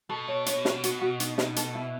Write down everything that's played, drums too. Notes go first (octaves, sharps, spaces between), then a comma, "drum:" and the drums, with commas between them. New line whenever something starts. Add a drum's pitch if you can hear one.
B2 A4
C#5
C#5, drum: hi-hat
F#4, drum: snare
F#4, drum: hi-hat
F#4
D#4, drum: hi-hat
D#4, drum: snare
A4, drum: hi-hat
E4